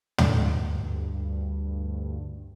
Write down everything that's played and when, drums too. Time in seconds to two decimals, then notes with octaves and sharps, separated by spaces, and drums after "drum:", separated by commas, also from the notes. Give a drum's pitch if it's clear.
0.18 D2 G2, drum: tom